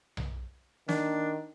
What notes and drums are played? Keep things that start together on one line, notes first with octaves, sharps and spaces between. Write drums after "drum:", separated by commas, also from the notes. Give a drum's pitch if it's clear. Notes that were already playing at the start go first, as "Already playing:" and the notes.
drum: tom B1
D#3 D4, drum: snare